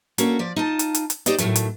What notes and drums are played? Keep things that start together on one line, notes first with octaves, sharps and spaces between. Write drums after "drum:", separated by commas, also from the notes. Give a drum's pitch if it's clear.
A#3 C#4 D4 F#4 A4, drum: hi-hat
F3 D5
D#4 F4 A5
drum: hi-hat
drum: hi-hat
drum: hi-hat
D#4 G4 C5 D5 D#5, drum: hi-hat
A2 D#3 F3 F#3 A3, drum: hi-hat
drum: hi-hat